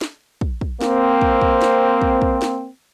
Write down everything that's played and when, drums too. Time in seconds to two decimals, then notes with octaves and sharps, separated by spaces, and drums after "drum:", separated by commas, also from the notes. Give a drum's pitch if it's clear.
0.01 drum: snare
0.41 drum: kick
0.61 drum: kick
0.81 A#3 C4, drum: snare
1.21 drum: kick
1.41 drum: kick
1.61 drum: snare
2.02 drum: kick
2.22 drum: kick
2.42 drum: snare